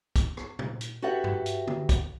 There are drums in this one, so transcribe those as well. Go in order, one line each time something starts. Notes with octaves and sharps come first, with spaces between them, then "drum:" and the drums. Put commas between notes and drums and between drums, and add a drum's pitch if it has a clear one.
drum: kick, hi-hat
drum: rim click
drum: tom A#2
drum: hi-hat
F#4 G4 A4 B4 E5 F#5
drum: tom G2
drum: hi-hat
drum: tom
drum: kick, hi-hat